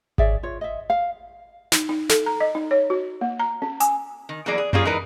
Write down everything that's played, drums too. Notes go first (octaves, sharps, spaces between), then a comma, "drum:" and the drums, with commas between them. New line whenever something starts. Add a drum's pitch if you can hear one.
G#4 C#5 D5 E5, drum: kick G#1
F4 C#5
D#5 E5
F5
D#4, drum: snare
D#4
A4, drum: snare
A#5
D#5
D#4
C#5
F#4
A#3
A#5
C#4
G#5, drum: hi-hat
D#3
E3 F#3 A#3 B3 G#4 D5
G#4
F#3 G3 A#3 C#4 F4 G#4, drum: tom F#2
E3 G#3 D#4 A#4 B4